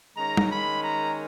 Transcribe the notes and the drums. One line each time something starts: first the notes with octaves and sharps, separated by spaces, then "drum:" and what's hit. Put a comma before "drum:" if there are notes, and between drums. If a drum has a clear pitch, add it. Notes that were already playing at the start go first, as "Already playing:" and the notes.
D#3 G#3 C#4 A#5
drum: tom G3
B5
A#5